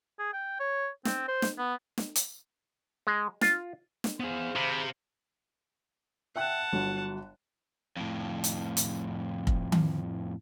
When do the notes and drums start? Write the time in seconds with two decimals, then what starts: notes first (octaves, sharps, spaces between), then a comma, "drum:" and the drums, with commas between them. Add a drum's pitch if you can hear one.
0.19 G#4
0.33 G5
0.60 C#5
1.05 C4, drum: snare
1.28 C5
1.42 drum: snare
1.58 B3
1.98 drum: snare
2.16 drum: hi-hat
3.07 G#3
3.41 F4, drum: snare
4.04 drum: snare
4.20 B3 G#4 C5 F5
4.56 C3 G#4 B5
6.36 E5 F#5 G5 A5 F#6
6.73 G1 F#3
7.96 F2 A2
8.44 drum: hi-hat
8.77 drum: hi-hat
9.47 drum: kick F1
9.72 drum: tom D#3